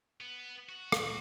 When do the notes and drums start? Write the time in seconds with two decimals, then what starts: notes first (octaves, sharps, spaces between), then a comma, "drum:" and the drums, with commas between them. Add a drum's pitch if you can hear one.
0.20 B3
0.69 F#4
0.92 drum: rim click